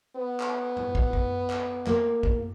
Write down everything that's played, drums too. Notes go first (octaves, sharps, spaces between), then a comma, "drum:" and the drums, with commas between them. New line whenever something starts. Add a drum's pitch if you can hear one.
B3
drum: clap
drum: tom G#2
drum: kick
drum: kick
drum: clap
A#3, drum: clap
drum: kick